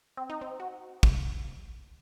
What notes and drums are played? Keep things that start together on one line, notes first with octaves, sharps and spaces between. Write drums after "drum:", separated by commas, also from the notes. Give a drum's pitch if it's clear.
C4
D#4
C4
F#4
drum: kick